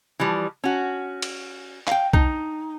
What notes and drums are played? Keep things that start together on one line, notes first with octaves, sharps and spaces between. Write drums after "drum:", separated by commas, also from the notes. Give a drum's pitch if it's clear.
E3 F3 G3
C#4 F#4
drum: cymbal
F5 G5, drum: clap
D#4, drum: kick B1